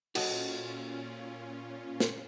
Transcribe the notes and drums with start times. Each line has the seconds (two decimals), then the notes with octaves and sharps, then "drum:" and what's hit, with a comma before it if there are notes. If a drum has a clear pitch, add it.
0.15 A#2 C#4 F4 F#4 A4 D#5, drum: cymbal
2.00 drum: snare